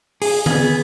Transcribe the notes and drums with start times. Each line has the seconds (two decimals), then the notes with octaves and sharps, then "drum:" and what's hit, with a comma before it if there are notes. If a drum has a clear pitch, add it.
0.22 G#4, drum: open hi-hat
0.46 B3 G#4, drum: tom D#3